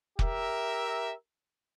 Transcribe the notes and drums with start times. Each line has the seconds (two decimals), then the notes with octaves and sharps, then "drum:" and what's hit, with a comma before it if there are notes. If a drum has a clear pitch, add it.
0.19 G4 A#4 E5, drum: kick